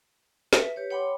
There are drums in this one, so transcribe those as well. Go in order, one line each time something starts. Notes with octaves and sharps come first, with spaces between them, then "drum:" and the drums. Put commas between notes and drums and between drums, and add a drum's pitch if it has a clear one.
B4 E5, drum: snare
G4 B4 C#5
C#5 F#5 G5 B5 C6 D6